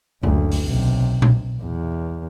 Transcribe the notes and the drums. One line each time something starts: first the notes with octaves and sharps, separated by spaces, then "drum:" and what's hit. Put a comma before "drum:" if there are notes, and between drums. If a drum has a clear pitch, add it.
F#1 D2, drum: tom F#2
drum: open hi-hat
B1 C3
drum: tom A#2
E2